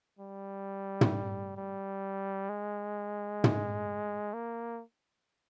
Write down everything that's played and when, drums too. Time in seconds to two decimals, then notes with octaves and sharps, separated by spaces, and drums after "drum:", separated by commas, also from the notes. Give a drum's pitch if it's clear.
0.19 G3
1.01 drum: tom
1.57 G3
2.49 G#3
3.44 drum: tom
4.34 A#3